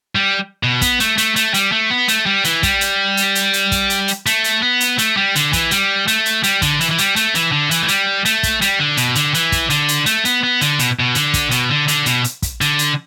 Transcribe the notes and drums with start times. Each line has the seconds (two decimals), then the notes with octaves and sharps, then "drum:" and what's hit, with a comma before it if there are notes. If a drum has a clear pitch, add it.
0.15 G3
0.63 B2
0.81 B3, drum: kick, hi-hat
1.00 A3, drum: hi-hat
1.18 A3, drum: hi-hat
1.36 A3, drum: hi-hat
1.54 G3, drum: hi-hat
1.72 A3
1.90 B3
2.08 A3, drum: hi-hat
2.26 G3
2.44 E3, drum: hi-hat
2.63 G3, drum: kick, hi-hat
2.81 drum: hi-hat
3.17 drum: hi-hat
3.35 drum: hi-hat
3.53 drum: hi-hat
3.72 drum: kick, hi-hat
3.90 drum: hi-hat
4.08 drum: hi-hat
4.26 A3, drum: hi-hat
4.44 drum: hi-hat
4.62 B3
4.80 drum: hi-hat
4.98 A3, drum: hi-hat
5.17 G3
5.35 D3, drum: hi-hat
5.53 E3, drum: kick, hi-hat
5.71 G3, drum: hi-hat
6.08 A3, drum: hi-hat
6.26 drum: hi-hat
6.43 G3, drum: hi-hat
6.62 D3, drum: kick, hi-hat
6.81 E3, drum: hi-hat
6.91 E3
6.98 G3, drum: hi-hat
7.16 A3, drum: hi-hat
7.35 E3, drum: hi-hat
7.52 D3
7.71 E3, drum: hi-hat
7.82 A3
7.88 G3, drum: hi-hat
8.25 A3, drum: hi-hat
8.43 drum: kick, hi-hat
8.62 G3, drum: hi-hat
8.79 D3
8.97 B2, drum: hi-hat
9.15 D3, drum: hi-hat
9.34 E3, drum: hi-hat
9.52 drum: kick, hi-hat
9.70 D3, drum: hi-hat
9.88 drum: hi-hat
10.06 A3, drum: hi-hat
10.25 B3, drum: hi-hat
10.43 B3
10.61 D3, drum: hi-hat
10.79 B2, drum: hi-hat
11.00 B2
11.15 D3, drum: hi-hat
11.34 drum: kick, hi-hat
11.51 B2, drum: hi-hat
11.70 D3
11.88 D3, drum: hi-hat
12.06 B2, drum: hi-hat
12.24 drum: hi-hat
12.42 drum: kick, hi-hat
12.61 D3, drum: hi-hat
12.79 drum: hi-hat